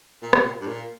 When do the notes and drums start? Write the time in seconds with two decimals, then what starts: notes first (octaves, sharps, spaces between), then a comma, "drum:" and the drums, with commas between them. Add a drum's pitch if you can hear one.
0.22 A#2
0.33 C3, drum: rim click
0.44 A#2
0.61 G2
0.68 A#2